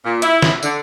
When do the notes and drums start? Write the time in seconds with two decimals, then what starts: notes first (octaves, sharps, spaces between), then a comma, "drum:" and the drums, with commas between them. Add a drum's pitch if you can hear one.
0.04 A#2
0.22 E4, drum: hi-hat
0.42 drum: snare
0.63 D3, drum: tambourine